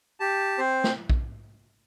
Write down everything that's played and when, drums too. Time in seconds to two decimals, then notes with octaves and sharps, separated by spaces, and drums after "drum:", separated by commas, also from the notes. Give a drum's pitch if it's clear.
0.20 G4 A5
0.58 C4 C5
0.84 drum: snare
1.10 drum: kick A#1